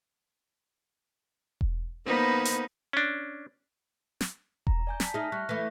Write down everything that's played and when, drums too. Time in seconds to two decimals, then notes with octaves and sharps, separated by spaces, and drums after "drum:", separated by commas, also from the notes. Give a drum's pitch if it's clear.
1.61 drum: kick E1
2.06 A#3 B3 D#4 C5 B5
2.45 drum: hi-hat
2.93 C#4 D4
4.21 drum: snare
4.67 A#5, drum: kick E1
4.87 D5 G#5 G6
5.00 A5 B6, drum: snare
5.14 D#4 G#4 E5 F6 A#6
5.32 G3 C#6 F#6
5.49 E3 A3 A#6